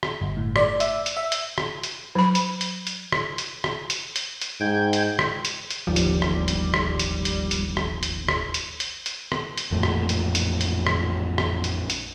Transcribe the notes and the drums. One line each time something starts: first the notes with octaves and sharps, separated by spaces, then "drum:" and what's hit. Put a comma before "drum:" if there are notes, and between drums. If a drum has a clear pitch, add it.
drum: rim click
G1
A2
D5, drum: rim click
E5, drum: hi-hat
drum: hi-hat
E5
drum: hi-hat
drum: rim click
drum: hi-hat
F#3 B5
drum: hi-hat
drum: hi-hat
drum: hi-hat
drum: rim click
drum: hi-hat
drum: rim click
drum: hi-hat
drum: hi-hat
drum: hi-hat
G#2 G5 G6 G#6
drum: hi-hat
drum: rim click
drum: hi-hat
drum: hi-hat
D1 G1 D#2 F3 G3
drum: hi-hat
drum: rim click
drum: hi-hat
drum: rim click
drum: hi-hat
drum: hi-hat
drum: hi-hat
drum: rim click
drum: hi-hat
drum: rim click
drum: hi-hat
drum: hi-hat
drum: hi-hat
drum: rim click
drum: hi-hat
A1 F2 A#2 A3
drum: rim click
drum: hi-hat
drum: hi-hat
drum: hi-hat
drum: rim click
drum: rim click
drum: hi-hat
drum: hi-hat